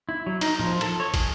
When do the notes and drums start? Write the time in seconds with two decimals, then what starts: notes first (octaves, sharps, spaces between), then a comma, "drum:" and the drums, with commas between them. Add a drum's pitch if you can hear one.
0.09 E4
0.26 F#3
0.41 D#4, drum: cymbal
0.59 F3, drum: tom
0.81 A4, drum: cymbal
1.00 C#5
1.14 G#4, drum: kick, cymbal